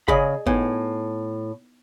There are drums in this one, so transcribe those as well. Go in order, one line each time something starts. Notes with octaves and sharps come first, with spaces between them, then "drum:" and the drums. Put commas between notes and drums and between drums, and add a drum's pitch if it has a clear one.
C#3 G#4 D5 D#5 B5, drum: kick G1
A2 B3 D#4 G#5, drum: kick G1